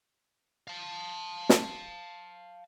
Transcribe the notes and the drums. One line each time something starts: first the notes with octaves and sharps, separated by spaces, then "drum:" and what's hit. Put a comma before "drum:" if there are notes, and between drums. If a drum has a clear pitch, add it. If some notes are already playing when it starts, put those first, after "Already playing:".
F5 A5
drum: snare